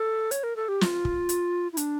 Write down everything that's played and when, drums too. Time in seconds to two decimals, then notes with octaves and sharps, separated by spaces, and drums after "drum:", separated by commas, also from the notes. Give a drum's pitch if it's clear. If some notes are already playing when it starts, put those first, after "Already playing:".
Already playing: A4
0.31 C#5, drum: hi-hat
0.43 A#4
0.56 A4
0.68 G4
0.81 F4, drum: snare
1.05 drum: kick
1.29 drum: hi-hat
1.73 E4
1.77 D4, drum: hi-hat